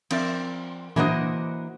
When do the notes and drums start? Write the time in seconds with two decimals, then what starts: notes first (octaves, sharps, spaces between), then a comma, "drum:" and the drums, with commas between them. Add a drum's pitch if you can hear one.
0.10 F3 C4 A#4 D5 E5, drum: cymbal
0.96 E3 A#3 D4 F#4 C5 D#5, drum: tom A#2